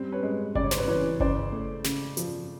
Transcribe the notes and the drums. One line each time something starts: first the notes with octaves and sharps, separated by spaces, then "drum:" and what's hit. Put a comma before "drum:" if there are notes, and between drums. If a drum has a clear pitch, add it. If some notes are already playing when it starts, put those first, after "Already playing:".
Already playing: G3 C4
B4 C#5
G#3
C#3 D5, drum: kick G1
C#5
C5, drum: snare
B4 C#5
E3 B4 C#5
C#3 C5 D5, drum: kick G1
A3
C#3, drum: snare
F3, drum: hi-hat